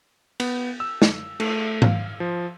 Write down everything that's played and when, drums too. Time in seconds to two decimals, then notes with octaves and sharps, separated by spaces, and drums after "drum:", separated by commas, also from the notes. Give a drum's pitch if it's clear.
0.40 B3, drum: cymbal
0.80 E6
1.02 drum: snare
1.40 A3, drum: cymbal
1.82 F5, drum: tom G#2
2.20 F3